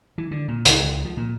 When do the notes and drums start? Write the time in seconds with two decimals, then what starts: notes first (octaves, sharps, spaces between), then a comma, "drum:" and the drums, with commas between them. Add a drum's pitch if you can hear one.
0.18 E3
0.31 D3
0.48 A#2
0.65 C#2, drum: hi-hat
0.83 C#2
1.05 F3
1.17 A#2